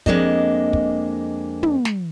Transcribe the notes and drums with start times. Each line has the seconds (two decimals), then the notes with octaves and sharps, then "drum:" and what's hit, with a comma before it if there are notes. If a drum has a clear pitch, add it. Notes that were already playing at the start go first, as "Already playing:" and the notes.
0.06 F2 G#3 A#3 D4 D#5, drum: kick
0.73 drum: kick
1.63 drum: tom
1.85 drum: snare